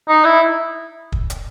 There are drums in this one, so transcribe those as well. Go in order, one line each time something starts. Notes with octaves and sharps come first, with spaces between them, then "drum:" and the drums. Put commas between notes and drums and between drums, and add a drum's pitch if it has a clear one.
D#4
E4
drum: kick
drum: hi-hat